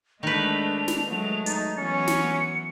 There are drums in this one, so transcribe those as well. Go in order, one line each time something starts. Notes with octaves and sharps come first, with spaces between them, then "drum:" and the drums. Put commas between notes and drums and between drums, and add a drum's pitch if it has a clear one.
D#3 G#3 A3 D4 B4 F7
drum: snare
F#3 G#3 A3
D#4 A6, drum: hi-hat
E3 F#3 B3 C#4 C#7
drum: snare